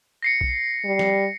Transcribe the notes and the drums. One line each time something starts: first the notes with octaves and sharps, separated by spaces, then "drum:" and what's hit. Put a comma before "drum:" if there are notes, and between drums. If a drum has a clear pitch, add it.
A#6 C7 C#7
drum: kick
G3
drum: snare